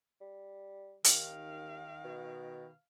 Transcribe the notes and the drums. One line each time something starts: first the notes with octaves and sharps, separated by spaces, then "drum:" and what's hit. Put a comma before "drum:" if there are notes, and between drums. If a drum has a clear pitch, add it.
G3
D#2 D#3 F5, drum: hi-hat
B2